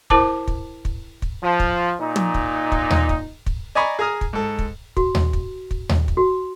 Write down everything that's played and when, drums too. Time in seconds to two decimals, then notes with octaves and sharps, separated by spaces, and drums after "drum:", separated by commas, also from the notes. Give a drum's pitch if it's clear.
0.10 E4 A#4 C5 A5 D6, drum: kick
0.48 drum: kick
0.85 drum: kick
1.22 drum: kick
1.43 F3
1.60 drum: kick
2.01 A#2 D#4
2.16 drum: tom
2.34 drum: kick
2.72 drum: kick
2.90 drum: tom D#2
3.09 drum: kick
3.46 drum: kick
3.75 D5 D#5 G#5 A#5 B5 C#6
3.99 G#4 G#5 A#5 D#6 F6
4.21 drum: kick
4.33 G#2 A4
4.59 drum: kick
4.97 F#4, drum: kick
5.15 drum: tom D#2
5.33 drum: kick
5.71 drum: kick
5.89 drum: tom D#2
6.08 drum: kick
6.17 F#4